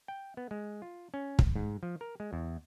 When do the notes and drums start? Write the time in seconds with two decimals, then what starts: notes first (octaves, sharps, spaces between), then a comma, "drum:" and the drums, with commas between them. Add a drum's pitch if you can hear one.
0.08 G5
0.37 B3
0.51 G#3
0.82 F4
1.14 C#4
1.39 drum: kick
1.56 G#2
1.83 F3
2.01 A#4
2.20 G#3
2.33 E2